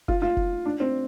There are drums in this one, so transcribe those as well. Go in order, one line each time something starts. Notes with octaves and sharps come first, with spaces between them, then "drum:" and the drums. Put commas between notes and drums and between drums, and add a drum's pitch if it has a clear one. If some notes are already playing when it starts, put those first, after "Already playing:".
F4, drum: kick F1
F4
drum: kick F1
D4
C4